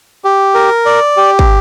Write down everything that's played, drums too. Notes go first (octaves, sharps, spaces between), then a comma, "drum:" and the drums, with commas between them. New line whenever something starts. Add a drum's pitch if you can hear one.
G4
A#4
D5
G4
drum: kick